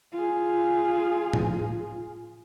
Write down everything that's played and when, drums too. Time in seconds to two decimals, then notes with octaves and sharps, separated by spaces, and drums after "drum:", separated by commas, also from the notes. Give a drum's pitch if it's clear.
0.12 F4 G#4
1.33 drum: tom A2